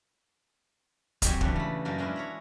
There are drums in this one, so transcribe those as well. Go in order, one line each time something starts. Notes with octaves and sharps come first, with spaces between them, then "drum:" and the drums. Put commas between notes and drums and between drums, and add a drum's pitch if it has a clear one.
G#2 F#3 C4 G4 C#5 G#5, drum: kick, hi-hat
C#3 E3 D4 B4 C#5, drum: kick
A3 B5
F#2 A3 A#3 C#4 D#4 F#4
G#3 C#4 D4 E4 A#4
C#5 A#5 B5